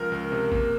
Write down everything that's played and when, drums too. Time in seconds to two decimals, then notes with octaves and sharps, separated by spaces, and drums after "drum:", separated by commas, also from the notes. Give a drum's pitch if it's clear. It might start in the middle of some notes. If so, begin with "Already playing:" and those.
Already playing: C#2 F3 A#4
0.12 C#2
0.32 C3
0.52 A#3, drum: kick G1